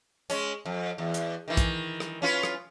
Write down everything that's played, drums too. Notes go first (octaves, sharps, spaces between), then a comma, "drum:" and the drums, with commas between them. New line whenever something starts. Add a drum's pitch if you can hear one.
G#3 C#4, drum: hi-hat
F2
E2
drum: hi-hat
D#3 E3
drum: kick, hi-hat
drum: rim click
C#4 F4 B4
drum: rim click